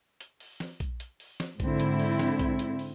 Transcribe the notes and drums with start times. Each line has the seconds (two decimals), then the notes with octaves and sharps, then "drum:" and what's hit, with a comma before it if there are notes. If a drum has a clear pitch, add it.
0.20 drum: hi-hat
0.40 drum: open hi-hat
0.60 drum: snare
0.80 drum: kick A#1, hi-hat
1.00 drum: hi-hat
1.20 drum: open hi-hat
1.40 drum: snare
1.60 G#2 D3 C4 E4, drum: kick A#1, hi-hat
1.80 drum: hi-hat
2.00 drum: open hi-hat
2.19 drum: snare
2.39 drum: kick A#1, hi-hat
2.59 drum: hi-hat
2.79 drum: open hi-hat